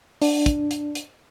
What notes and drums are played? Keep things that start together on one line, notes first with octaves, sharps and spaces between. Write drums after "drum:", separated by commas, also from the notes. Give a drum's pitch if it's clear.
D4, drum: open hi-hat
drum: kick, hi-hat
drum: hi-hat
drum: hi-hat